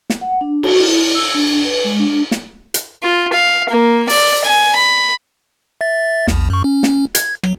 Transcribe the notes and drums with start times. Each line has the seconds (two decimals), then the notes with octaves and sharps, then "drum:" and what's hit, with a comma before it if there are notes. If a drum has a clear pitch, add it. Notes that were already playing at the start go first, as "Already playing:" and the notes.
0.10 drum: snare
0.21 F#5
0.41 D4
0.63 F#4, drum: cymbal
0.80 E4
1.15 E6
1.34 D4
1.65 B4
1.84 G#3
1.99 D4
2.31 drum: snare
2.74 drum: hi-hat
3.03 F4
3.33 F5
3.69 A#3
4.09 D5, drum: open hi-hat
4.44 G#5
4.76 B5
5.81 E5 A6
6.28 A#1 E2, drum: snare
6.50 F#2 C#6
6.64 C#4
6.83 drum: snare
7.15 G#6, drum: hi-hat
7.44 F#3, drum: rim click